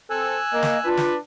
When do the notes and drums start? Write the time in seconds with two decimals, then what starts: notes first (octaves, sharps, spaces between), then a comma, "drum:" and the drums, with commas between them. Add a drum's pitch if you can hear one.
0.10 C4 A4 G#5 E6 F#6
0.53 A#3 D#5
0.63 drum: snare
0.85 D4 F4 B4
0.97 drum: snare